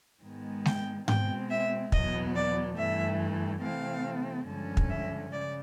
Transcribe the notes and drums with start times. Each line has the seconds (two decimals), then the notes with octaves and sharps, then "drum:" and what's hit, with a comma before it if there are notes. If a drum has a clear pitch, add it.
0.23 G#2 D#3 G#3 B3
0.66 G5, drum: snare G#3
1.08 B2 G#3 C4 G5, drum: tom G#2
1.50 E5
1.92 E2 B2 F#3 B3 D#5, drum: kick
2.35 D5
2.77 G2 E3 A3 E5
3.62 C3 E3 A3 C4 F5
4.47 G2 D3 F3 G#3 C#4
4.77 drum: kick
4.89 E5
5.31 C#3 D5